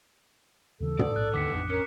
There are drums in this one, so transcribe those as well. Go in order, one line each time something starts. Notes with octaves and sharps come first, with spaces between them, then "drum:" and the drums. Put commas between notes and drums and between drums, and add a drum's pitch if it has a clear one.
D#2 C#3 E3 A4
D5 D#6, drum: tom
A#1 F#6
D#2 D3 D#3 B3 D6 B6 C#7
A1 F2 D4
C#4 A#4 D#6 C#7